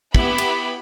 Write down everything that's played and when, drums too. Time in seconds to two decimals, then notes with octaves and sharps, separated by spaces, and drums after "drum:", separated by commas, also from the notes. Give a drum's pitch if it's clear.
0.14 B3 E4 G4 B5, drum: kick
0.38 drum: cymbal